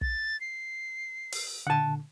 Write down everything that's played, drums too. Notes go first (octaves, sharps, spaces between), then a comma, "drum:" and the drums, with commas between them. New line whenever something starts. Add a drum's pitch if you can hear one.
A6, drum: kick
C7
drum: open hi-hat
A#2 D3 F#5 A5